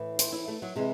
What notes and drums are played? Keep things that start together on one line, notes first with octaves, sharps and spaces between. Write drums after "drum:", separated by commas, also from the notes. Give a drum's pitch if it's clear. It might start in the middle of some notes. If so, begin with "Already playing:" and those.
Already playing: A2 E3
C5, drum: hi-hat
E4
A3
F#3
C3 E3 G#3